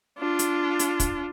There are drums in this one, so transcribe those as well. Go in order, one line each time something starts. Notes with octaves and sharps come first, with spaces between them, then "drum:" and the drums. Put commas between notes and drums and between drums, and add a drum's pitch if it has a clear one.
D4 F4
drum: hi-hat
drum: hi-hat
drum: kick, hi-hat